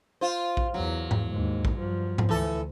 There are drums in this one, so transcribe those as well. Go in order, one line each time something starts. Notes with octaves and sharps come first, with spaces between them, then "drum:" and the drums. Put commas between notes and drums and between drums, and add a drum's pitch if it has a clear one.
F4 C5
drum: kick A#1
E2 F#3
drum: tom G#2
D#2 G#2
drum: kick A#1
G2 F3
drum: tom G#2
D2 E3 A4